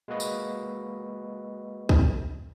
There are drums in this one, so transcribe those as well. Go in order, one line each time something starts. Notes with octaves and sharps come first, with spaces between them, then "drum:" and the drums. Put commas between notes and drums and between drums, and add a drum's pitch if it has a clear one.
G#3 A#3 F#4 B4 D#5
drum: tambourine
drum: kick